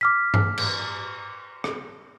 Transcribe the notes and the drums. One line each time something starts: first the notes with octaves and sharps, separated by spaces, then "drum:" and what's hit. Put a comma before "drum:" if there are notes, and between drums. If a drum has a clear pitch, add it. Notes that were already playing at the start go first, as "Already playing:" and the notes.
D6 F6 B6
drum: tom G2
drum: cymbal
drum: rim click